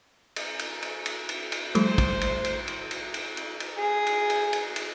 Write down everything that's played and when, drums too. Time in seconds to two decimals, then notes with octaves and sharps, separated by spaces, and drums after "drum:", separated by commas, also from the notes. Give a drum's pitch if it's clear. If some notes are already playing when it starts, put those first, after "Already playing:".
0.36 drum: cymbal
0.59 drum: cymbal
0.82 drum: cymbal
1.06 drum: cymbal
1.29 drum: cymbal
1.52 drum: cymbal
1.75 F3 G3 A3 C5, drum: cymbal
1.98 drum: kick, cymbal
2.21 drum: cymbal
2.44 drum: cymbal
2.68 drum: cymbal
2.91 drum: cymbal
3.14 drum: cymbal
3.37 drum: cymbal
3.60 drum: cymbal
3.78 G#4
4.06 drum: cymbal
4.30 drum: cymbal
4.53 drum: cymbal
4.76 drum: cymbal